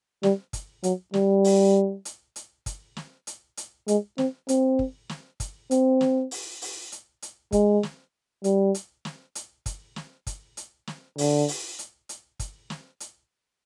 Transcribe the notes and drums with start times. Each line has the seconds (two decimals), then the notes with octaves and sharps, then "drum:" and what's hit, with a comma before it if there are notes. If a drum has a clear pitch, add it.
0.23 G3, drum: snare
0.53 drum: kick, hi-hat
0.83 F#3, drum: hi-hat
1.14 G3, drum: snare
1.44 drum: open hi-hat
2.05 drum: hi-hat
2.36 drum: hi-hat
2.66 drum: kick, hi-hat
2.97 drum: snare
3.27 drum: hi-hat
3.57 drum: hi-hat
3.88 G#3, drum: hi-hat
4.18 C4, drum: snare
4.49 C4, drum: hi-hat
4.79 drum: kick
5.09 drum: snare
5.40 drum: kick, hi-hat
5.71 C4, drum: hi-hat
6.01 drum: snare
6.31 drum: open hi-hat
6.62 drum: open hi-hat
6.92 drum: hi-hat
7.22 drum: hi-hat
7.52 G#3, drum: kick, hi-hat
7.83 drum: snare
8.44 G3, drum: hi-hat
8.75 drum: hi-hat
9.05 drum: snare
9.35 drum: hi-hat
9.66 drum: kick, hi-hat
9.96 drum: snare
10.27 drum: kick, hi-hat
10.57 drum: hi-hat
10.87 drum: snare
11.18 D3, drum: open hi-hat
11.48 drum: open hi-hat
11.79 drum: hi-hat
12.09 drum: hi-hat
12.40 drum: kick, hi-hat
12.70 drum: snare
13.00 drum: hi-hat